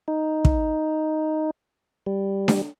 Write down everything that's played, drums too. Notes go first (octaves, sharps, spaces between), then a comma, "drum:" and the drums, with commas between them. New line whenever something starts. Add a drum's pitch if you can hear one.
D#4
drum: kick
G3
drum: snare D4